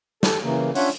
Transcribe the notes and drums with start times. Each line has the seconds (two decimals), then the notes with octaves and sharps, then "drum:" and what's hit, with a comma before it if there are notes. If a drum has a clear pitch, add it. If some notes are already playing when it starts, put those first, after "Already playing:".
0.23 A4, drum: snare
0.43 C#3 E3 A#3
0.75 C#4 D4 F4 C#5 E5 F#5, drum: open hi-hat